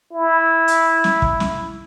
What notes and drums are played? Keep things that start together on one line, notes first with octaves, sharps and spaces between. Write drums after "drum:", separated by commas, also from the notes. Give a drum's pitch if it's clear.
E4
drum: hi-hat
drum: snare
drum: kick
drum: snare